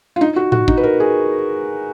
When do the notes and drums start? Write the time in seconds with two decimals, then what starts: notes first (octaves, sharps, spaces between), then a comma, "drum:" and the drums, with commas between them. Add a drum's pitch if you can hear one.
0.16 F4
0.21 D#4
0.36 F#4
0.52 F#4, drum: tom A2
0.68 D#4, drum: kick
0.77 B4
0.83 A#4
1.00 G#4